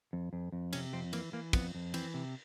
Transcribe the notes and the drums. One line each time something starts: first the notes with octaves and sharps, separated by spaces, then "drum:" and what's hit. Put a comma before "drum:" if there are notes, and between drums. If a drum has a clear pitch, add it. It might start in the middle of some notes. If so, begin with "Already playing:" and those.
F2
F2
F2
C3 C#4, drum: cymbal
F2 C4
E3 A#3, drum: cymbal
E3 A#3
F2 B3, drum: kick, cymbal
F2
E3 C4, drum: cymbal
C3